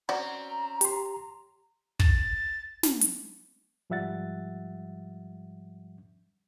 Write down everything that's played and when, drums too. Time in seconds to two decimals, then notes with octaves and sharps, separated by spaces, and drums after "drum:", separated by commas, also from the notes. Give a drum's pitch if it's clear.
0.09 C4 C#4 F#4 D5 A#5
0.81 G4 C6, drum: hi-hat
2.00 A6, drum: kick
2.83 drum: snare
3.01 drum: hi-hat
3.90 G#2 F3 G3 E5 F#5 A6